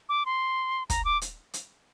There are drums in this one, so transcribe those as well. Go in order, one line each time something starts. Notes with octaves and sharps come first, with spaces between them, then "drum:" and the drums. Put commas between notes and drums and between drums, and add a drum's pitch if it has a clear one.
D6
C6
A#5, drum: kick, hi-hat
D6
drum: hi-hat
drum: hi-hat